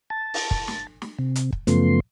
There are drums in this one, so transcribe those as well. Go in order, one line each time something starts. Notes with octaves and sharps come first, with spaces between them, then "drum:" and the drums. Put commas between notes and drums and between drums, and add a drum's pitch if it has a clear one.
A5
drum: open hi-hat
drum: kick
drum: snare
drum: snare
C3
drum: hi-hat
drum: kick
F#2 C#3 F3 A3 B3 C6, drum: hi-hat